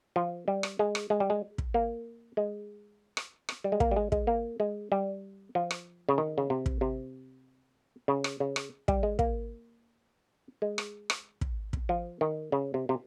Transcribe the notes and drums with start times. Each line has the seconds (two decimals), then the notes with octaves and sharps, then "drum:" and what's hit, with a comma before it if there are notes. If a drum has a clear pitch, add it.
0.16 F3
0.48 G3
0.63 drum: rim click
0.79 G#3
0.95 drum: rim click
1.10 G#3
1.20 G3
1.30 G#3
1.58 drum: kick
1.74 A#3
2.37 G#3
3.17 drum: rim click
3.49 drum: rim click
3.64 G3
3.72 G#3
3.80 A#3, drum: kick
3.91 G3
3.96 G#3
4.12 G#3, drum: kick
4.27 A#3
4.60 G#3
4.92 G3
5.55 F3
5.71 drum: rim click
6.09 C#3
6.18 D#3
6.38 C#3
6.50 C3
6.66 drum: kick
6.81 C3
8.08 C#3
8.24 drum: rim click
8.40 C#3
8.56 drum: rim click
8.88 G3, drum: kick
9.03 G#3
9.19 A#3, drum: kick
10.62 G#3
10.78 drum: rim click
11.10 drum: rim click
11.41 drum: kick
11.73 drum: kick
11.89 F3
12.21 D#3
12.52 C#3
12.74 C3
12.89 C3